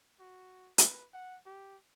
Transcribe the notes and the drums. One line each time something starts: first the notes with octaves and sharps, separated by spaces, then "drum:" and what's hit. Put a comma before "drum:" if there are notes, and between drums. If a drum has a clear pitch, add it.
F#4
B4, drum: hi-hat
F#5
G4